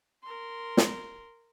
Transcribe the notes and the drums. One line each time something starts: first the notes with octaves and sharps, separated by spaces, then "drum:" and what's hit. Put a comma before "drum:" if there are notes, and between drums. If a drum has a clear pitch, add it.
A#4 C6
drum: snare